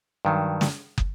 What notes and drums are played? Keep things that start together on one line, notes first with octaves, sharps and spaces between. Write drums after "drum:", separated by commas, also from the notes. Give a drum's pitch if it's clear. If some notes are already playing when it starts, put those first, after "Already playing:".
G2 D#3 F#3
drum: snare
drum: kick